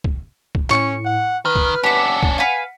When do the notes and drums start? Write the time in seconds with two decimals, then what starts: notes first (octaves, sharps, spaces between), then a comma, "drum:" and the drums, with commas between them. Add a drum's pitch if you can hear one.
0.04 drum: kick
0.55 drum: kick
0.70 A2 C#4 C#6, drum: clap
1.05 F#5
1.45 D#3 B4 F6
1.55 drum: kick
1.84 C#4 D4 G4 E5 F#5
2.23 drum: kick
2.38 B4 F5 G#5